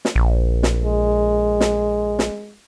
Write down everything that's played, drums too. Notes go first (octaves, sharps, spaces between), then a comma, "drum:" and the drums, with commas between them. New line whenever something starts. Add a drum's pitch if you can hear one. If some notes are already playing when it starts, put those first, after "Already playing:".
drum: snare
A#1
drum: snare
G#3
drum: snare
drum: snare